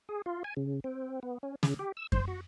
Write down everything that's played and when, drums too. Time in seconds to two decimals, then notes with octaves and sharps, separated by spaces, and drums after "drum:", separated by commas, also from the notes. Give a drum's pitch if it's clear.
0.09 G#4
0.26 F4
0.44 G#5
0.57 C#3
0.84 C4
1.23 B3
1.43 C#4
1.63 C#3, drum: snare
1.79 G4
1.97 E6
2.12 C5, drum: kick F#2
2.28 F#4